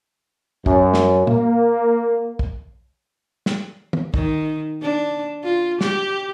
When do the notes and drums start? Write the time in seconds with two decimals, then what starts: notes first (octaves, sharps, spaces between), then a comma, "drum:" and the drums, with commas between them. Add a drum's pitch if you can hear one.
0.66 F#2, drum: kick
0.94 drum: snare
1.27 A#3, drum: tom A#2
2.39 drum: kick
3.46 drum: snare
3.93 drum: tom D#3
4.14 D#3, drum: kick
4.82 D4
5.44 F4
5.81 G4, drum: snare